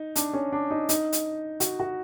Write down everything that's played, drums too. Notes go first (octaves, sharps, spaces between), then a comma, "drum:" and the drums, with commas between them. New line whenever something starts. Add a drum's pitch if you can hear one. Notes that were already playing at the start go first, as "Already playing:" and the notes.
Already playing: D#4
D4, drum: hi-hat
C#4
D4
D#4
D#4, drum: hi-hat
drum: hi-hat
F#4, drum: hi-hat
F#4